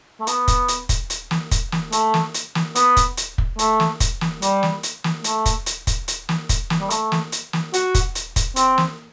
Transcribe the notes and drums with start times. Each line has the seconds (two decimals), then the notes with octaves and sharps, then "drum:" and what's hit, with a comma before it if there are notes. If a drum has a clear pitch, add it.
0.20 A3
0.27 B3, drum: hi-hat
0.48 drum: kick, hi-hat
0.68 drum: hi-hat
0.89 drum: kick, hi-hat
1.10 drum: hi-hat
1.31 drum: snare
1.51 drum: kick, hi-hat
1.72 drum: snare
1.92 A3, drum: hi-hat
2.14 drum: snare
2.34 drum: hi-hat
2.55 drum: snare
2.76 B3, drum: hi-hat
2.97 drum: kick, hi-hat
3.17 drum: hi-hat
3.38 drum: kick
3.59 A3, drum: hi-hat
3.80 drum: snare
4.00 drum: kick, hi-hat
4.21 drum: snare
4.42 G3, drum: hi-hat
4.63 drum: snare
4.83 drum: hi-hat
5.04 drum: snare
5.24 A3, drum: hi-hat
5.46 drum: kick, hi-hat
5.66 drum: hi-hat
5.87 drum: kick, hi-hat
6.08 drum: hi-hat
6.29 drum: snare
6.49 drum: kick, hi-hat
6.70 drum: snare
6.80 G3
6.90 A3, drum: hi-hat
7.12 drum: snare
7.32 drum: hi-hat
7.53 drum: snare
7.74 F#4, drum: hi-hat
7.95 drum: kick, hi-hat
8.15 drum: hi-hat
8.36 drum: kick, hi-hat
8.56 C4, drum: hi-hat
8.78 drum: snare